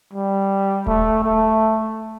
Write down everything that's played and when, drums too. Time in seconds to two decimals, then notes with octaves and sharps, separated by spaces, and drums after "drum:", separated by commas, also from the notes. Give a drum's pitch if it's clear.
0.13 G3
0.87 A3, drum: kick D#1
1.23 A3